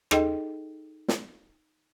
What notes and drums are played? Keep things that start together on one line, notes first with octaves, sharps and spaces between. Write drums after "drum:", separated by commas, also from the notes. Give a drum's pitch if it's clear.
D#4 G#4 A4 D#5 G5, drum: rim click
drum: snare